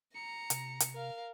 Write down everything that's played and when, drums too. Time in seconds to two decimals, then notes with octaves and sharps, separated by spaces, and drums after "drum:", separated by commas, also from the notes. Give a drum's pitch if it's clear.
0.15 A#5 C#7
0.50 C3, drum: hi-hat
0.80 drum: hi-hat
0.94 A#4 F5